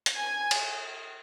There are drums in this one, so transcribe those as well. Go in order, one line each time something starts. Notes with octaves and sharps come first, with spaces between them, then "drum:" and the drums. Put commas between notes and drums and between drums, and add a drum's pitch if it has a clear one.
drum: hi-hat
G#5
drum: cymbal